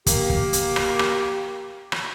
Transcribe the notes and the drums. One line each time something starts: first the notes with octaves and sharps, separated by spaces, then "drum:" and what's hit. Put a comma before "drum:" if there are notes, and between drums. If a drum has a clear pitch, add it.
A#3 G4, drum: kick, hi-hat
drum: kick
drum: hi-hat
drum: rim click
drum: rim click
drum: rim click